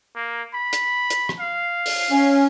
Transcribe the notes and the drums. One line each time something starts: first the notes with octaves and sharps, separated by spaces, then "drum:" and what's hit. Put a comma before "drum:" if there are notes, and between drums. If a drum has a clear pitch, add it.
A#3
B5
drum: hi-hat
drum: hi-hat
drum: rim click
F5
drum: open hi-hat
C#4